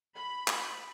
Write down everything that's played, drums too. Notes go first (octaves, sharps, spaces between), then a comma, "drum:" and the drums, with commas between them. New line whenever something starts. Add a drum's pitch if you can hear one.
B5
drum: clap